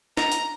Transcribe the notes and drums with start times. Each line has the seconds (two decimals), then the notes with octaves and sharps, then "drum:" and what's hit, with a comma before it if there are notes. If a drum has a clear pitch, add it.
0.17 A#5, drum: snare
0.32 drum: hi-hat